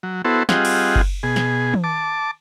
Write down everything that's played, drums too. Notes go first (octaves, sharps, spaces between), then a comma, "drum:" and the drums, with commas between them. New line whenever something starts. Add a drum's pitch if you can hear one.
F#3
B3 E4 F#4 A4 C5
G3 C4 F4 G#4 D#5 F#5, drum: snare
drum: cymbal
drum: kick F#1
B2 G#4
drum: snare
drum: tom
A5 D6